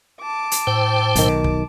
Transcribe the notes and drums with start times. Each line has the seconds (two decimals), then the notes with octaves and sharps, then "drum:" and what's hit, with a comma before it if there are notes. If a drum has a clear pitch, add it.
0.21 A5 D6
0.51 drum: hi-hat
0.67 A2 C5 G5
1.16 B1 D#3, drum: hi-hat
1.44 drum: kick